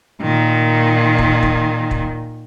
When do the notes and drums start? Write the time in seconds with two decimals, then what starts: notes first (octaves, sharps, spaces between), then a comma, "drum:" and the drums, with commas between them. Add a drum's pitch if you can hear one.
0.22 A#2 D#3
1.18 drum: kick
1.43 drum: kick
1.91 drum: kick